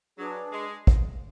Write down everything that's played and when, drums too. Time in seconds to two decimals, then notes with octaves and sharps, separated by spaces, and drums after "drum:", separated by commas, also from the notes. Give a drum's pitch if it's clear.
0.18 F#3 D4 G#4 B4
0.52 G#3
0.87 drum: kick